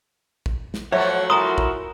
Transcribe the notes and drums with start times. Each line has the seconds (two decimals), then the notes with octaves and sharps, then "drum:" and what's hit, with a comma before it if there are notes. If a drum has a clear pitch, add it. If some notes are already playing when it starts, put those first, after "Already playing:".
0.46 drum: kick
0.74 drum: snare
0.92 F3 F#3 A3 C#5 E5 F#5
1.30 E4 F#4 A#4 G#5 A#5 C6 D#6
1.58 drum: kick